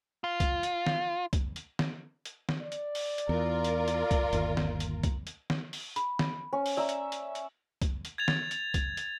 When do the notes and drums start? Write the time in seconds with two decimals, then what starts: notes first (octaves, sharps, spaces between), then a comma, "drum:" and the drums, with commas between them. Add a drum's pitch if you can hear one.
0.24 F4
0.40 drum: kick C2, hi-hat
0.63 drum: hi-hat
0.86 drum: snare
1.33 drum: kick C2, hi-hat
1.56 drum: hi-hat
1.79 drum: snare
2.25 drum: hi-hat
2.49 drum: snare
2.62 D5
2.72 drum: hi-hat
2.95 drum: open hi-hat
3.18 drum: hi-hat
3.29 E2 F4 A#4
3.64 drum: hi-hat
3.88 drum: hi-hat
4.11 drum: kick C2, hi-hat
4.33 G1 D#2, drum: hi-hat
4.57 drum: snare
4.80 drum: hi-hat
5.03 drum: kick C2, hi-hat
5.27 drum: hi-hat
5.50 drum: snare
5.73 drum: open hi-hat
5.96 B5, drum: hi-hat
6.19 drum: snare
6.53 C#4
6.66 drum: open hi-hat
6.77 D5 E5 A#5
6.89 drum: hi-hat
7.12 drum: hi-hat
7.35 drum: hi-hat
7.82 drum: kick C2, hi-hat
8.05 drum: hi-hat
8.18 G#6 A6 F7
8.28 drum: snare
8.51 drum: hi-hat
8.74 drum: kick C2, hi-hat
8.97 drum: hi-hat